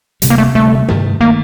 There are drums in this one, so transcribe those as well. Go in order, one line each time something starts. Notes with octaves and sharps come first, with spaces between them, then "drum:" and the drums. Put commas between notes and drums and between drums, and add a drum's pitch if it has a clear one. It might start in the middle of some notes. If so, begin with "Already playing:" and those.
D2 C3 G3, drum: hi-hat
A#3
A3
D2 C3 G3 A3
G2 D#3 A3, drum: tom C3
D#3 A3 A#3